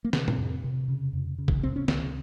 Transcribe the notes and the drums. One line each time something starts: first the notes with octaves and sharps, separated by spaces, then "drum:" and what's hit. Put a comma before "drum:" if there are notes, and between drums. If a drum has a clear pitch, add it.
A#3
C3 C4, drum: snare
drum: tom A2
F2
C3
C#3
F2
C#3
drum: kick
C3 C4
C#4
C#2 C4, drum: snare